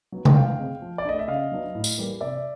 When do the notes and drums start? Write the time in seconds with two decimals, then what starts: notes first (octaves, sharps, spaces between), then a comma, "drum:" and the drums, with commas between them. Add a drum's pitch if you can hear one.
0.12 F#3 B3
0.25 F#5, drum: tom C3
0.35 E3 F5 G5
0.59 G#3 C4
0.82 F3
0.98 D5
1.05 A3 D4 D#5
1.19 E5
1.28 C#3 D#5 F5
1.52 F#3 B3 D4
1.75 A2
1.84 drum: tambourine
1.98 E3 G3 A#3
2.21 C3 D5 E5